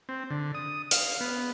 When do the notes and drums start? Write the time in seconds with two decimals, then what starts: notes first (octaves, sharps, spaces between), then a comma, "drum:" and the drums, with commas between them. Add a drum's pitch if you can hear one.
0.09 C4
0.30 D3
0.55 D#6
0.91 F5, drum: hi-hat
1.21 B3